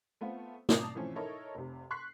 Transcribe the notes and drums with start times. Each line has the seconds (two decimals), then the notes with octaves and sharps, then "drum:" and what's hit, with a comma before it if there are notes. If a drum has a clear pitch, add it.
0.21 A3 B3 C4 F4
0.69 D5 A5 A#5 D#6 C7, drum: snare
0.95 E3 F3 A3 C4 C#4
1.15 D#4 E4 A4 A#4 C#5 D#5
1.55 F1 C3
1.90 C6 C#6 F#6 B6 C7